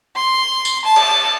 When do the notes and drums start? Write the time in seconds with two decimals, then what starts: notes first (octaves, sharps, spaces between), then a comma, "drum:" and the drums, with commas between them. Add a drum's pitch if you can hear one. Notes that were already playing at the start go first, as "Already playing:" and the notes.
0.16 C6
0.65 drum: tambourine
0.85 A5
0.96 drum: cymbal